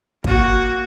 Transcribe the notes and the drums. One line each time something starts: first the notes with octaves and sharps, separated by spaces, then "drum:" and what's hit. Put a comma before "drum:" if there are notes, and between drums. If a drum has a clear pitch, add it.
A#3 F#4, drum: kick